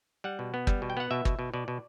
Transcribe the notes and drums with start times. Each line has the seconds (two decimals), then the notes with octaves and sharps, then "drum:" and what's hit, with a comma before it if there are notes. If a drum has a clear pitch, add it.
0.24 G3 F#5
0.39 B2
0.54 B3
0.67 G3, drum: kick
0.82 B2
0.90 G5
0.97 B3 F#5
1.11 B2 E5
1.25 B2, drum: kick
1.39 B2
1.54 B2 D5
1.68 B2